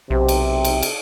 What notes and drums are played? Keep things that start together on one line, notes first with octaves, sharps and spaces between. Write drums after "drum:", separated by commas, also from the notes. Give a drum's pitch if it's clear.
B1 C3
drum: cymbal
drum: cymbal
drum: cymbal